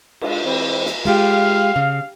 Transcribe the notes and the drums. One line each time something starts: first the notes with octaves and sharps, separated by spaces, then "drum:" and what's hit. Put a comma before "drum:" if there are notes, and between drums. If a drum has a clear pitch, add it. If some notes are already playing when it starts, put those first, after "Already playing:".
G#3 D4 F4, drum: cymbal
E3 G#3 C4
drum: snare
G#3 F4 G4 F5
C#3